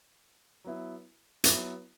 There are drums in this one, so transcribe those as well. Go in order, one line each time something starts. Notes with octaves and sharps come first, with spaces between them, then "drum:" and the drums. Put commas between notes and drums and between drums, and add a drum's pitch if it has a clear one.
F#3 B3 E4
F#3 B3 E4, drum: hi-hat